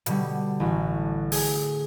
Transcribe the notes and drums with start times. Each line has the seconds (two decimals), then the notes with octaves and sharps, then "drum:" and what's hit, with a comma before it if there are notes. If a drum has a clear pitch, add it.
0.06 B2 D3 G3, drum: hi-hat
0.60 A1 F#4
1.32 G#4, drum: open hi-hat